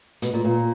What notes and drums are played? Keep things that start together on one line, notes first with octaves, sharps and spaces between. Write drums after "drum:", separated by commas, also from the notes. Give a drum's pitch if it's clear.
B2, drum: hi-hat
A#2
A#2